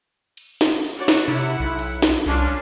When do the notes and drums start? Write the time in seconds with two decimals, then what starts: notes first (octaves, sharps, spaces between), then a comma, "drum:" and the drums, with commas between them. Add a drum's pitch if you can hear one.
0.37 drum: cymbal
0.61 drum: snare
0.84 drum: cymbal
0.97 F#4 C#5 D5
1.08 drum: snare
1.28 C3 E4 F#5
1.60 B1
1.79 drum: cymbal
2.02 drum: snare
2.26 C2 C#4 D4 F4